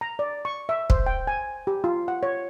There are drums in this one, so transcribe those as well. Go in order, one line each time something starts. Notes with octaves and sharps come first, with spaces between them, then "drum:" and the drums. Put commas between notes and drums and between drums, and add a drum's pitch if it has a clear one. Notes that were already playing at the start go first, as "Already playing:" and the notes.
A#5
D5
C#6
E5
C5, drum: kick
G5
G#5
G4
F4
F#5
C#5